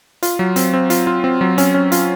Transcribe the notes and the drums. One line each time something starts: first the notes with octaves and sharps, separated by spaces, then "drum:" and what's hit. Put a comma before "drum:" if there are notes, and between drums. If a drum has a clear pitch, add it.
F4, drum: hi-hat
F#3
C4, drum: hi-hat
C4
F4, drum: hi-hat
F4
C4
F#3
C#4, drum: hi-hat
C#4
F4, drum: hi-hat